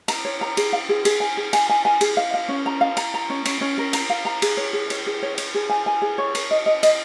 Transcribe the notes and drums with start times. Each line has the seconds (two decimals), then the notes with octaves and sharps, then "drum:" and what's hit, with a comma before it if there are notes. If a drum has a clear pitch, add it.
0.08 A#5, drum: cymbal
0.25 C#5
0.41 A#5
0.57 G#4, drum: cymbal
0.73 F5
0.89 G#4
1.05 G#4, drum: cymbal
1.20 G#5
1.37 G#4
1.53 G#5, drum: cymbal
1.69 G#5
1.85 G#5
2.01 G#4, drum: cymbal
2.17 F5
2.34 F5
2.49 C#4
2.66 A#5
2.81 F5
2.97 A#5, drum: cymbal
3.14 A#5
3.30 C#4
3.45 C#4, drum: cymbal
3.61 C#4
3.78 A#4
3.93 A#5, drum: cymbal
4.10 F5
4.25 A#5
4.42 G#4, drum: cymbal
4.57 C#5
4.73 G#4
4.90 C#5, drum: cymbal
5.06 G#4
5.22 C#5
5.38 C#5, drum: cymbal
5.54 G#4
5.69 G#5
5.86 G#5
6.02 G#4
6.18 C#5
6.35 A#4, drum: cymbal
6.51 D#5
6.66 D#5
6.83 D#5, drum: cymbal